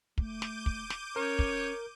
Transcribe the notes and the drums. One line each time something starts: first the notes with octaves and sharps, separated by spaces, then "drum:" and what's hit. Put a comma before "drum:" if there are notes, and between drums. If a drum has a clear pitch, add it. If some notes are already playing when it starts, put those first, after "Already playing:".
A3 D6 G6 D#7, drum: kick
drum: snare
drum: kick
drum: snare
C#4 A#4 C#5
drum: kick